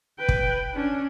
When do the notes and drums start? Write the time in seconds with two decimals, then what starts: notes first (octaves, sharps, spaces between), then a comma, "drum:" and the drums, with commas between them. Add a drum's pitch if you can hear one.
0.19 B4 G5
0.29 drum: kick
0.74 C#4 D4